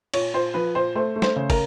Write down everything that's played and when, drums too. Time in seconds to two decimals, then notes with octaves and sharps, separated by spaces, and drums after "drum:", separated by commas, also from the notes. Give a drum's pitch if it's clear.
0.14 A#2 C#5, drum: cymbal
0.34 A#2 C5
0.54 F3 B4
0.75 A#2 C5
0.95 A3 C5
1.16 A3
1.22 C5, drum: snare
1.36 C#3
1.50 A#4, drum: kick, cymbal